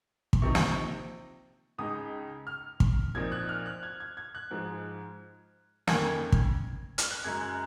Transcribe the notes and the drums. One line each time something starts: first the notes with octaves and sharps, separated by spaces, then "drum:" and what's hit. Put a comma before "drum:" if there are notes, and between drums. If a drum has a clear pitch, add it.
drum: kick
C3 F3 C4 D#4 C#6
drum: snare
C#2 C#3 G#3 D#4 D#6
F6
drum: kick
A#2 F3 C4 D#4 G#6
F#6
F6
F#6
G#6
G#6
G#6
F#6
G#2 F3 G#3
F2 D#3 A#3 C#4 G#6, drum: snare
drum: kick
F6, drum: hi-hat
F#6
F#2 C#3 G#3 C#4 G#6
F#6